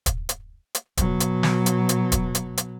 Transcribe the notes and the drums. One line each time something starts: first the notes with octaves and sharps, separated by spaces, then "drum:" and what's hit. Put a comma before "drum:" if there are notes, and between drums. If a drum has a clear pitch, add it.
drum: kick, hi-hat
drum: hi-hat
drum: hi-hat
B2 F#3, drum: kick, hi-hat
drum: hi-hat
drum: snare
drum: hi-hat
drum: hi-hat
drum: kick, hi-hat
drum: hi-hat
drum: hi-hat